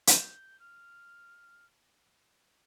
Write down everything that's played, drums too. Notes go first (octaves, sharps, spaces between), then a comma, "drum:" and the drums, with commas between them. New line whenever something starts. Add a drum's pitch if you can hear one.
G6, drum: hi-hat
F6